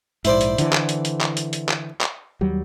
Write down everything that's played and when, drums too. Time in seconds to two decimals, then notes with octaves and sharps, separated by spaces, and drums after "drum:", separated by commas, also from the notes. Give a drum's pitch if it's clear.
0.25 A#1 G#2 E4 C5 D5, drum: hi-hat
0.41 drum: hi-hat
0.58 D3 E3, drum: hi-hat
0.73 drum: clap
0.89 drum: hi-hat
1.05 drum: hi-hat
1.21 drum: clap
1.37 drum: hi-hat
1.53 drum: hi-hat
1.69 drum: clap
2.01 drum: clap
2.41 D#2 F#3 G3